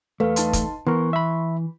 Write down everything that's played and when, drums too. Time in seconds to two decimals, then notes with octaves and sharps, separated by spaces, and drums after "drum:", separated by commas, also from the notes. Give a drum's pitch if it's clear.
0.20 E2 A3 A4 B4 F5
0.36 D#4 A5 C6, drum: hi-hat
0.53 drum: kick, hi-hat
0.87 E3 B3 A#4 C6 C#6
1.13 E5 B5